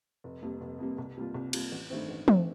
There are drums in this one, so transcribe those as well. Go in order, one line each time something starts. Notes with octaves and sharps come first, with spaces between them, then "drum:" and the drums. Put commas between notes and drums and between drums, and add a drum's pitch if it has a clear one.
F1
F2 C3 G3 A#3
F1
F2 C3 G3 A#3
C2
C3 G3 A#3 F4
C2
C3 G3 A#3 F4, drum: cymbal
A1
G2 D#3 A3 C4
A1
G2 D#3 A3 C4, drum: tom